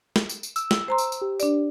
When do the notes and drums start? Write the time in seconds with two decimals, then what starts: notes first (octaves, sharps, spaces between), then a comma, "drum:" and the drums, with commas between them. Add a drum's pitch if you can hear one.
0.16 drum: snare
0.29 drum: tambourine
0.43 drum: tambourine
0.56 E6, drum: tambourine
0.71 drum: snare
0.88 C5 A#5 C6
0.98 drum: tambourine
1.12 drum: tambourine
1.21 G4
1.40 D4 D5, drum: tambourine